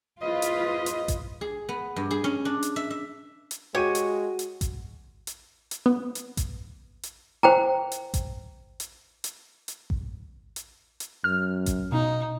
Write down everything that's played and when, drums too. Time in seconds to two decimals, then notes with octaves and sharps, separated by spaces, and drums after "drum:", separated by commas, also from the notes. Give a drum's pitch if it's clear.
0.22 E2 F4 B4 C5 D#5
0.42 drum: hi-hat
0.86 drum: hi-hat
1.08 drum: kick A1, hi-hat
1.41 G#4
1.69 B3
1.96 G2
2.11 G#4
2.24 C#4
2.45 D4
2.63 drum: hi-hat
2.76 E5
2.90 E5
3.51 drum: hi-hat
3.75 G#3 F#4 G4 C#5 D#7
3.95 drum: hi-hat
4.39 drum: hi-hat
4.61 drum: kick A1, hi-hat
5.27 drum: hi-hat
5.71 drum: hi-hat
5.86 B3
6.15 drum: hi-hat
6.37 drum: kick A1, hi-hat
7.03 drum: hi-hat
7.43 C5 G5 A#5
7.92 drum: hi-hat
8.14 drum: kick A1, hi-hat
8.80 drum: hi-hat
9.24 drum: hi-hat
9.68 drum: hi-hat
9.90 drum: kick A1
10.56 drum: hi-hat
11.00 drum: hi-hat
11.24 F#2 F6
11.66 drum: kick A1, hi-hat
11.92 B2 D#4